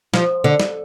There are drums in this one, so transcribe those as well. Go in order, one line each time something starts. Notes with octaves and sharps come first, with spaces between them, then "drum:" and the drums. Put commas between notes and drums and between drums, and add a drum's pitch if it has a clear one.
F3, drum: snare
D3
drum: snare